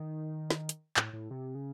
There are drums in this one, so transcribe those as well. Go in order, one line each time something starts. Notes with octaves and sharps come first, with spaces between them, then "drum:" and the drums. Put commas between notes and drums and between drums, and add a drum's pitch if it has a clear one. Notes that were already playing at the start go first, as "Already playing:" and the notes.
Already playing: D#3
drum: snare
drum: hi-hat
A2, drum: clap
A2
C3
C#3